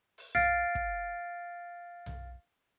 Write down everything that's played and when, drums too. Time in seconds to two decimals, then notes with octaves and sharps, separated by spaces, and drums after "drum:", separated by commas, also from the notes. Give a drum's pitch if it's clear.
0.18 drum: open hi-hat
0.35 F5 F6 A6 C7 D7, drum: tom B1
0.75 drum: kick
2.06 drum: tom B1